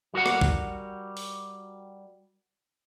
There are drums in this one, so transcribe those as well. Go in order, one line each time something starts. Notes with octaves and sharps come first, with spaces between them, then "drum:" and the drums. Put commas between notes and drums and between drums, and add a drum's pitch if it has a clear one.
G3 F#4 A#4 F#5
drum: rim click
drum: kick
drum: open hi-hat